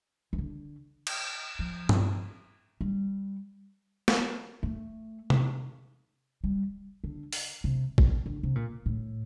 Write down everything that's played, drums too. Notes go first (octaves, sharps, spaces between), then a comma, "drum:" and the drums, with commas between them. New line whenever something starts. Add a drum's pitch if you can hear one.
E3
D3
drum: cymbal
F3
drum: tom G2
G3
drum: snare
A3
drum: tom C3
G3
D3
drum: open hi-hat
C3
drum: kick
D3
C3
A#2
A2